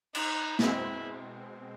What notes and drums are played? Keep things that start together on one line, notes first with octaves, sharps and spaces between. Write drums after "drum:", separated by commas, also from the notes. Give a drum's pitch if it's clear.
D#4, drum: cymbal
B2 G#3 C4 E4, drum: snare